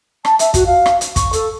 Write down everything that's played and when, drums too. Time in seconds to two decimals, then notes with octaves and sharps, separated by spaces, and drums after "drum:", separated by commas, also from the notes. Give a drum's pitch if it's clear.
0.25 A5, drum: rim click
0.39 E5, drum: hi-hat
0.54 F#4, drum: kick, hi-hat
0.66 F5
0.86 drum: rim click
1.01 drum: hi-hat
1.16 C#6, drum: kick, hi-hat
1.33 A4, drum: hi-hat